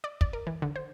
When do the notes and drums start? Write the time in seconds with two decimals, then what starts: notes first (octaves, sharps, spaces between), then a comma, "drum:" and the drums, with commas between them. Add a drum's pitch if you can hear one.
0.04 D5
0.21 D5, drum: kick
0.33 A#4
0.47 E3
0.62 D3
0.76 C5